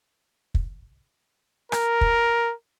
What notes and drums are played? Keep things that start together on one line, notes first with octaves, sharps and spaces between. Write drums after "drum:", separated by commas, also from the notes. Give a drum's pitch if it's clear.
drum: kick
A#4, drum: rim click
drum: kick